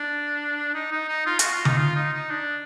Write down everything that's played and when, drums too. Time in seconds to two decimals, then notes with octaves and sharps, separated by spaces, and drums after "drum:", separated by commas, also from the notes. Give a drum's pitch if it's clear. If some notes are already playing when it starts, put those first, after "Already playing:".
Already playing: D4
0.74 D#4
0.91 D#4
1.08 D#4
1.26 F4
1.39 F#4, drum: hi-hat
1.52 F4
1.65 D#4, drum: tom D3
1.78 F4
1.95 D#4
2.13 D#4
2.30 D4